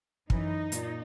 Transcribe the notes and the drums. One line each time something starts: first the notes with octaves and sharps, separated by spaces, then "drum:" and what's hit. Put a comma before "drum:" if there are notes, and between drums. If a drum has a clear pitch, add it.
F#2 E3 D#4, drum: kick
A#2, drum: hi-hat